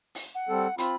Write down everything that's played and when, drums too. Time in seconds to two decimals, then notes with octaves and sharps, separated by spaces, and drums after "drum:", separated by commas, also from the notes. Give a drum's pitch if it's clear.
0.15 drum: open hi-hat
0.35 F#5
0.49 G3 C4 A4
0.78 C4 F4 B5, drum: hi-hat